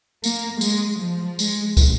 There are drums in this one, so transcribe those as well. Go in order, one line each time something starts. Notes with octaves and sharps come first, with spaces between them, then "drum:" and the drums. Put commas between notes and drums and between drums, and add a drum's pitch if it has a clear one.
A#3, drum: tambourine
G#3, drum: tambourine
F3
G#3, drum: tambourine
drum: kick, tambourine